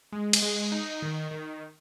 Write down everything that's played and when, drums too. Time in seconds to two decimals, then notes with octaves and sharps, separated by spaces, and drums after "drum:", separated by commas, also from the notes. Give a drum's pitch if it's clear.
0.12 G#3
0.33 drum: cymbal
0.42 G#3
0.72 D#4
1.02 D#3
1.31 D#3